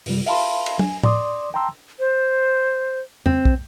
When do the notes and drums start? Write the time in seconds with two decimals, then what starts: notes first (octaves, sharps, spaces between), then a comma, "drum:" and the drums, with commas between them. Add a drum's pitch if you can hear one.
0.06 F#2 C3 G3, drum: open hi-hat
0.26 E5 F5 A5 B5 C6, drum: open hi-hat
0.66 drum: cymbal
0.79 G#5, drum: tom F#3
1.03 D5 C6 D6 D#6, drum: tom A2
1.54 G5 A5 A#5 C6 E6
1.99 C5
3.26 C4, drum: tom E2
3.45 drum: kick